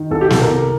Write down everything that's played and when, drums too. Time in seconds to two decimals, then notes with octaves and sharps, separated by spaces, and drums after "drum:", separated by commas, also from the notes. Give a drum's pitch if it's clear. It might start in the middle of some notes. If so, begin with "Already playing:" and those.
Already playing: D#3
0.11 C2 A4
0.21 G4
0.30 C2 A4, drum: snare
0.42 A#4
0.51 C3